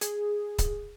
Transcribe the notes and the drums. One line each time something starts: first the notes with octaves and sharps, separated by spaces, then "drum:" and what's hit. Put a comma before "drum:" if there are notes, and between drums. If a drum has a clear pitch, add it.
G#4, drum: hi-hat
drum: kick C#1, hi-hat